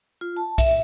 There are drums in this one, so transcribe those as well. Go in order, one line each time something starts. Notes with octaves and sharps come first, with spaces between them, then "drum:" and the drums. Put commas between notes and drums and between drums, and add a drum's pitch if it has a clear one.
F4
A5
E5, drum: kick, hi-hat